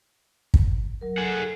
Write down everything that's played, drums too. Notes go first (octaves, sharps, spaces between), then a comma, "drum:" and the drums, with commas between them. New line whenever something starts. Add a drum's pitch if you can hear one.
drum: kick
F#3 A#4
G#4 A4 F#5